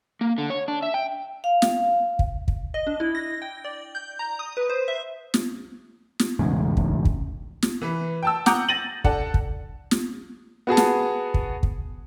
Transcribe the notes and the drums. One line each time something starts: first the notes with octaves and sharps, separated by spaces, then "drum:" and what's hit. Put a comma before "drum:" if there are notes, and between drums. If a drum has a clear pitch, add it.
A#3
D3
C#5
D4
E5
G5
F5
drum: snare
drum: kick
drum: kick
D#5
D4
E4
A#6
G5
D5
G6
A#5
D#6
B4
C5
E5
drum: snare
drum: snare
E1 A1 G#2 C#3
drum: kick
drum: kick
drum: snare
E3 B4
G5 A5 E6
F#5 A#5 D6 D#6 G6, drum: snare
A6 A#6 D#7 F#7
D4 A4 F#5 A5, drum: kick
drum: kick
drum: snare
B3 F#4 G#4 A5
drum: snare
drum: kick
drum: kick